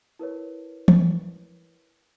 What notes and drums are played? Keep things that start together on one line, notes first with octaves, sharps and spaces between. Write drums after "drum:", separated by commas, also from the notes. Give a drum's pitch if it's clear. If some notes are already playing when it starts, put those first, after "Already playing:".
E4 A#4 B4 C#5
drum: tom